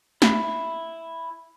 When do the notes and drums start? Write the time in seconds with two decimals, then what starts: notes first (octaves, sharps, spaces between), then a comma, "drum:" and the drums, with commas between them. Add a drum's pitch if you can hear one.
0.22 E4, drum: snare